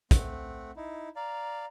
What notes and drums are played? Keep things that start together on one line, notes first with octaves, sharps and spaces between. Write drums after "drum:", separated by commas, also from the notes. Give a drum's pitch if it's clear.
A3 C4 F#5, drum: kick, hi-hat
D#4 E4
D5 F5 A#5